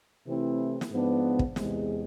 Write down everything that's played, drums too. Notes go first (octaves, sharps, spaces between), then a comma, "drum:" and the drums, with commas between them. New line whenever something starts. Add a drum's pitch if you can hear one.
C3 E3 A3 C4 E4
drum: snare
G#2 F3 B3 D4
drum: kick
E2 C3 G#3, drum: snare